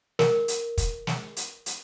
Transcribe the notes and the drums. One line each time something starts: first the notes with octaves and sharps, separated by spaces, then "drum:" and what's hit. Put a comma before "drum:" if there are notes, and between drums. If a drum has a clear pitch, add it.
A#4, drum: snare
drum: hi-hat
drum: kick, hi-hat
drum: snare
drum: hi-hat
drum: hi-hat